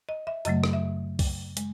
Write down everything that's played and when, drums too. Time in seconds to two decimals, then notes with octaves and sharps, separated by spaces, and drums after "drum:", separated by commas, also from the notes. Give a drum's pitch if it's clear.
0.09 D#5
0.27 E5
0.45 F#2 C#3 F#3 A3 D#5, drum: hi-hat
0.64 drum: rim click
0.73 E5
1.19 drum: kick C2, open hi-hat
1.57 G#3, drum: hi-hat